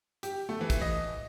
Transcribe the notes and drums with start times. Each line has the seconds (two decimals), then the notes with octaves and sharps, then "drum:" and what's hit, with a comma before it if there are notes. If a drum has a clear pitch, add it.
0.23 G4, drum: hi-hat
0.49 A3
0.61 E3
0.70 drum: kick, hi-hat
0.81 D#5